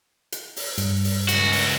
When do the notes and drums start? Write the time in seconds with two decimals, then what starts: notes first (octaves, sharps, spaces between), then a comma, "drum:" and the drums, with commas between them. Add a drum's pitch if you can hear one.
0.32 drum: hi-hat
0.56 drum: open hi-hat
0.78 G2, drum: hi-hat
1.04 drum: open hi-hat
1.28 C#2 F#4, drum: hi-hat
1.52 drum: open hi-hat